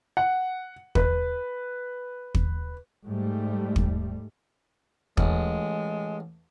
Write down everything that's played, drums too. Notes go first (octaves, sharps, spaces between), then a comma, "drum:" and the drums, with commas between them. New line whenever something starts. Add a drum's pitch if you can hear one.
F#5
B4, drum: kick
drum: kick
G#2 G3 A3
drum: kick
A1 G#3, drum: kick